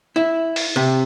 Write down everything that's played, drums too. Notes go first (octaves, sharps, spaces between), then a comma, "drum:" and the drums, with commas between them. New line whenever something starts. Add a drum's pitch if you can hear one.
E4
drum: open hi-hat
C3